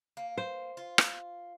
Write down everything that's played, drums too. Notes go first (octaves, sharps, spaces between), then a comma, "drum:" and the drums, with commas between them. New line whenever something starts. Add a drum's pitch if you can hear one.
A#3
C5
F4
drum: rim click